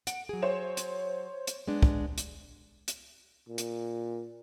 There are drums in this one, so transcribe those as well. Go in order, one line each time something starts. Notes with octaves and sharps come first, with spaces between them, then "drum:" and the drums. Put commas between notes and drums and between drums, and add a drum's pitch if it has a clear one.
F#5 D7, drum: hi-hat
F#3 G#4
C5 C#5 E7
drum: hi-hat
drum: hi-hat
G#3 B3 D4
drum: kick
drum: hi-hat
drum: hi-hat
A#2
drum: hi-hat